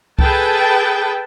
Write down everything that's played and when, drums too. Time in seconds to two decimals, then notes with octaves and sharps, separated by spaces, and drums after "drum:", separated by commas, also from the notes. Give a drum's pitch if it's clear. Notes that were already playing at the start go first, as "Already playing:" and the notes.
0.19 G#4 A4 B4 G5 A5, drum: kick C2